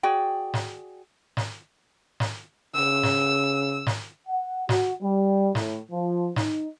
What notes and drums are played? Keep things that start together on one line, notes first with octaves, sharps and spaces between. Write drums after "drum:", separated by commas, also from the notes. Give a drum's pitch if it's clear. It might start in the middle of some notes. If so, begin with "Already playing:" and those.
F#4 G#4 D5 G5
drum: snare
drum: snare
drum: snare
C#3 E6
drum: snare
drum: snare
F#5
F#4, drum: snare
G3
A2, drum: snare
F3
D#4, drum: snare